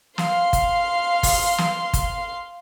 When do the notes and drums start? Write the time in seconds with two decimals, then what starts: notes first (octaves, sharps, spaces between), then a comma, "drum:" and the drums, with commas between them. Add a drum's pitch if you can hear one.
0.18 F5 C6, drum: snare
0.53 drum: kick G1, hi-hat
1.23 drum: kick G1, open hi-hat
1.58 drum: snare
1.93 drum: kick G1, hi-hat